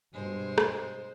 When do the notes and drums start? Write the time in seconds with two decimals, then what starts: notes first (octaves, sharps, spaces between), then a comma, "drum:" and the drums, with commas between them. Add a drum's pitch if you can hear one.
0.14 G2 B2 G#3 C5
0.58 drum: rim click